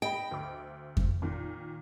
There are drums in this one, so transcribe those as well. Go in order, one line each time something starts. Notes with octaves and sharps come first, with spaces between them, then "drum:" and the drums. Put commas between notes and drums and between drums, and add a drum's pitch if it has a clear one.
D#5 G5 B5
D2 D6
drum: kick F2
A#2 D#3